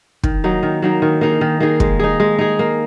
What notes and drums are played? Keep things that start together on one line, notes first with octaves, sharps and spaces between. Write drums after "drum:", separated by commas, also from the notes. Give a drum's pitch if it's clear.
D#3, drum: kick
F#3 A#3 D#4
D#3
F#3 A#3 D#4
D#3
A#3 D#4 G#4
D#3
A#3 D#4 G#4
G#3, drum: kick
D#4 G#4
G#3
D#4 G#4
A#3